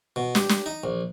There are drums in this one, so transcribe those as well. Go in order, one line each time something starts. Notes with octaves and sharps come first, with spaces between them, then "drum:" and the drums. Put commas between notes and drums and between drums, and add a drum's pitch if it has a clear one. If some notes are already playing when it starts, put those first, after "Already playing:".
B2
G4, drum: snare
drum: snare
D#4
A#1